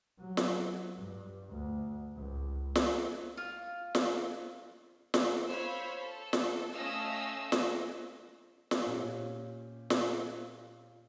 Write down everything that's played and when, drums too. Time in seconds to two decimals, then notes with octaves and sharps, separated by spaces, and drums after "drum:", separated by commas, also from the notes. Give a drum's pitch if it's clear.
0.19 F#3
0.37 drum: snare
0.97 G2
1.49 D2
2.16 C#2
2.75 drum: snare
3.37 F4
3.95 drum: snare
5.14 drum: snare
5.48 C5 C#5 F5 B5 E6
6.00 A4
6.33 drum: snare
6.72 A3 C#4 D#5 F5 D#6 E6
7.52 drum: snare
8.71 drum: snare
8.86 A#2 C#4 G4
9.90 drum: snare